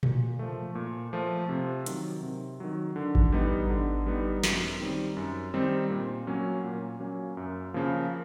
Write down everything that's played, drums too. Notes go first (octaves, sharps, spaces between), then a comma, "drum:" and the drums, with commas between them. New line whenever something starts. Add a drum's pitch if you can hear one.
A#2, drum: tom A#2
F3 A3
A#2
F3 A3
C3
D#3 F#3, drum: hi-hat
C3
D#3 F#3
D3
drum: kick A1
G3 B3 D#4
D3
G3 B3 D#4
F#2, drum: snare
D#3 G3 C4 D#4
F#2
D#3 G3 C4 D#4
A#2
F#3 A#3 C#4
A#2
F#3 A#3 C#4
F#2
C#3 F3 A#3